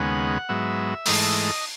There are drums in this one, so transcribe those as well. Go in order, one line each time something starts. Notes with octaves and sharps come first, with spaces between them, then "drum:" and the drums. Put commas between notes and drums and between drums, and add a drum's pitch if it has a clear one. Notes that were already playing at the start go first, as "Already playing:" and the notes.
Already playing: D#2 C#3 G#3 B3 F#5
G#2 F#3 B3 E5
G#2 E3 A3 D#5, drum: open hi-hat